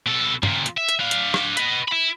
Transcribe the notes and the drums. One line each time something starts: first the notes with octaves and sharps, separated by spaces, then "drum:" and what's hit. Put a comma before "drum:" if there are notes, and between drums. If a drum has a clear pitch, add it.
B2 A4
C#2 A#2, drum: tom
drum: hi-hat
E5
drum: hi-hat
D4 F5
drum: hi-hat
drum: rim click
B4 D#5, drum: hi-hat
E4 B5